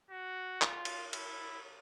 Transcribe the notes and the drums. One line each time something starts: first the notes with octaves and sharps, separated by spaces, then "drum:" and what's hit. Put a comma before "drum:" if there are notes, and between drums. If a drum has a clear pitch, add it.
F#4
F4, drum: clap
drum: cymbal
E4, drum: cymbal